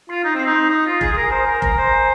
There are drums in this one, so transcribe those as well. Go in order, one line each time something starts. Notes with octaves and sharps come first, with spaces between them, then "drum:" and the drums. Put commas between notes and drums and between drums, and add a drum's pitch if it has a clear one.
F4 C6 C7
D#4
C4 C6 C7
D#4
C6
D#4 D#6
F4
G#4, drum: kick F1
G#4
A#4
G#5
C5 A#5
A#4
A#4 A#5, drum: kick F1
C5
A#5
G#5